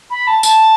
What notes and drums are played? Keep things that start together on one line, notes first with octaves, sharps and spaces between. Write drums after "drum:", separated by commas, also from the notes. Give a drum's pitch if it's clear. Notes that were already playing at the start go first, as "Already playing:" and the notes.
B5
A5
A5, drum: tambourine